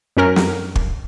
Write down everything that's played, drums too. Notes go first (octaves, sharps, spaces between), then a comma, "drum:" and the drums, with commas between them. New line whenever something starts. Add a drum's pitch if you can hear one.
F#2 C#4 A#4 F6
drum: snare
drum: kick